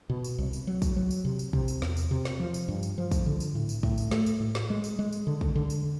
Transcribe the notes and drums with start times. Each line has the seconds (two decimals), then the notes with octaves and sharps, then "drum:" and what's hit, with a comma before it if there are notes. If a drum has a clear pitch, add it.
0.10 B2
0.24 drum: tambourine
0.38 C2
0.53 drum: tambourine
0.67 F#3
0.82 drum: kick, tambourine
0.96 F#3
1.11 drum: tambourine
1.25 C3
1.39 drum: tambourine
1.53 C3, drum: kick
1.68 drum: tambourine
1.82 E2, drum: snare
1.97 drum: tambourine
2.11 C3
2.25 drum: snare
2.39 F3
2.54 drum: tambourine
2.68 G2
2.83 drum: tambourine
2.98 F3
3.12 drum: kick, tambourine
3.26 D3
3.40 drum: tambourine
3.55 A2
3.69 drum: tambourine
3.83 A2, drum: kick
3.98 drum: tambourine
4.11 A3, drum: snare
4.26 drum: tambourine
4.40 A2
4.55 drum: snare
4.70 G#3
4.84 drum: tambourine
4.99 G#3
5.12 drum: tambourine
5.27 D3
5.41 drum: kick
5.55 D3
5.70 drum: tambourine